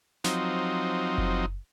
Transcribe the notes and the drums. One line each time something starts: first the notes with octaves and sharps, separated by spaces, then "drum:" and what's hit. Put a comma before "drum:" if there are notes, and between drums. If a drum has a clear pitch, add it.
F3 F#3 C4 D#4, drum: snare
drum: kick F#1